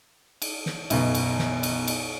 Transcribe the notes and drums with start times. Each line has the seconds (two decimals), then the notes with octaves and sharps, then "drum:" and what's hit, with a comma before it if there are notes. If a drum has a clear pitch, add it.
0.42 drum: cymbal
0.66 drum: snare
0.90 B1 F#2 B2, drum: cymbal
1.15 drum: cymbal
1.39 drum: snare
1.63 drum: cymbal
1.87 drum: cymbal